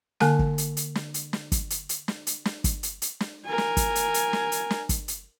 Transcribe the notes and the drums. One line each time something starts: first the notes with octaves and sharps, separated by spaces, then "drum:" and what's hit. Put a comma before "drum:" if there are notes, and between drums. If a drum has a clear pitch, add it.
D3 A#3 G#5, drum: snare
drum: kick
drum: hi-hat
drum: hi-hat
drum: snare
drum: hi-hat
drum: snare
drum: kick, hi-hat
drum: hi-hat
drum: hi-hat
drum: snare
drum: hi-hat
drum: snare
drum: kick, hi-hat
drum: hi-hat
drum: hi-hat
drum: snare
A#4 G#5
drum: snare
drum: kick, hi-hat
drum: hi-hat
drum: hi-hat
drum: snare
drum: hi-hat
drum: snare
drum: kick, hi-hat
drum: hi-hat